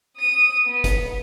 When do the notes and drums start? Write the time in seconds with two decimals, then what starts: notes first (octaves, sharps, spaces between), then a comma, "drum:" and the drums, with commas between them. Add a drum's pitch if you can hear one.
0.17 D#6 D#7
0.66 B3
0.84 drum: kick, hi-hat